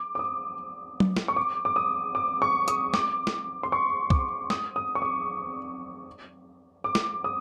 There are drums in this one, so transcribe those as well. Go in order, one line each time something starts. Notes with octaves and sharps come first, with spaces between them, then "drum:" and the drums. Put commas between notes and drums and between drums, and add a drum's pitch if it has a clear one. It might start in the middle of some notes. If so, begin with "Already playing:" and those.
Already playing: D6
D6
D#6
drum: tom F#3
drum: snare
C#6
D6
D6
D#6
D6
C#6
D#6, drum: hi-hat
D6, drum: snare
drum: snare
C6
C#6
D6, drum: kick
D#6, drum: snare
D#6
C#6
D6
D6
drum: snare
D#6